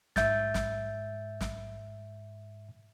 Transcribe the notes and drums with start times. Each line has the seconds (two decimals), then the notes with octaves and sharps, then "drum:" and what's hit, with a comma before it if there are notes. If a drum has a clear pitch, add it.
0.16 G#2 E5 G6 A6, drum: snare
0.54 drum: snare
1.41 drum: snare